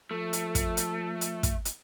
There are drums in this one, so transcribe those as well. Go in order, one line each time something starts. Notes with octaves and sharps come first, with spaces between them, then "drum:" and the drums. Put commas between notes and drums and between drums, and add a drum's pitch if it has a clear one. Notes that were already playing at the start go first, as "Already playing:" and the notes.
F3 A3
drum: hi-hat
drum: kick, hi-hat
drum: hi-hat
drum: hi-hat
drum: kick, hi-hat
drum: hi-hat